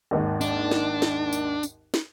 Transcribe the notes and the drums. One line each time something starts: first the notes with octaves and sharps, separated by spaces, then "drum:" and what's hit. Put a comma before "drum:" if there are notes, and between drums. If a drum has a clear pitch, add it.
G#1 D#2 G#2
D4, drum: tambourine
drum: snare
drum: snare
drum: tambourine
drum: tambourine
drum: snare